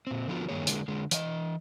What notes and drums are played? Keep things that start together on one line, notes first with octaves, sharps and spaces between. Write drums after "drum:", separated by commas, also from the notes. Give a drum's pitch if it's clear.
A#2 C4
D3 F3 A3 B3 F4 F#4
G2 D#3 A#3 G#4 C#5
D3 G#3 A#3, drum: hi-hat
D3 G#3
E3 D#5, drum: hi-hat